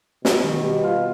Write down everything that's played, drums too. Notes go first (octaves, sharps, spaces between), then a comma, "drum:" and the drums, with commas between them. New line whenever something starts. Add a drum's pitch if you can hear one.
B2 G3, drum: snare
D#3
B2 G3
F4